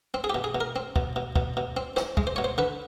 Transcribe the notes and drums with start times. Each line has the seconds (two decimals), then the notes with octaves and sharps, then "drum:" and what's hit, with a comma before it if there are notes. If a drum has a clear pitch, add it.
0.14 C4
0.24 G#4
0.30 B2 G4
0.44 G#4
0.55 B2
0.61 A#4
0.76 C4
0.96 B2, drum: kick
1.16 B2
1.36 B2, drum: kick
1.57 B2
1.77 C4
1.96 C4 C5, drum: snare
2.17 G#3, drum: kick
2.27 C5
2.36 B2 C#5
2.44 C5
2.58 D3 B4